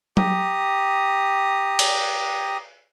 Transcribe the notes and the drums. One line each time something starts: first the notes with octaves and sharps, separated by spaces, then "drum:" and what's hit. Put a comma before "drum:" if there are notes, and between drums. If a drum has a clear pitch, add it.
G4 A#5 D#6, drum: tom F#3
drum: cymbal